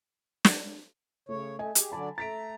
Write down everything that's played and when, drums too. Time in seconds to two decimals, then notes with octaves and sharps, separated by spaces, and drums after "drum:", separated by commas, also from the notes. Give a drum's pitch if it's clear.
0.45 drum: snare
1.29 C#3 A3 C#5
1.59 A3 D#5 G#5
1.75 G4 G#4, drum: hi-hat
1.92 D3 F#3 D5 G#5 A5 B5
2.18 A3 A#5 A6 B6 D7